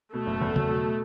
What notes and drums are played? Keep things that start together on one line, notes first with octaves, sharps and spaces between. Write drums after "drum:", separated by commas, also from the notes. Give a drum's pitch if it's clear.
B2 A3
F#1
E2
F#3, drum: tom C#3
B2